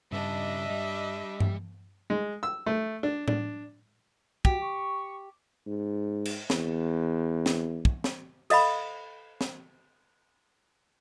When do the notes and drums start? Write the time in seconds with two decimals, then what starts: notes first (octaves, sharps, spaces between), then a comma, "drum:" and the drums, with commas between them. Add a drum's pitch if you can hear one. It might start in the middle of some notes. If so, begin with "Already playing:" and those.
0.12 G2 C#3 G3 D4 D#5 E5
0.70 G3
1.40 drum: tom G2
2.10 G#3
2.43 E6
2.66 A3
3.03 D4
3.28 D4, drum: tom A2
4.45 F#4 G4, drum: kick
4.61 C#6
5.67 G#2
6.25 drum: cymbal
6.50 E2, drum: snare
7.46 drum: snare
7.85 drum: kick
8.04 drum: snare
8.50 A4 D#5 F5 B5, drum: cymbal
9.41 drum: snare